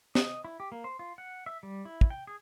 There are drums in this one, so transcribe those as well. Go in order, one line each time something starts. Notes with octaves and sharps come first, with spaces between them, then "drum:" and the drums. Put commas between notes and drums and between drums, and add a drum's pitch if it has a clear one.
D#5, drum: snare
E4
G4
A#3
C5
F4
F#5
E5
G3
E4
drum: kick
G5
G#4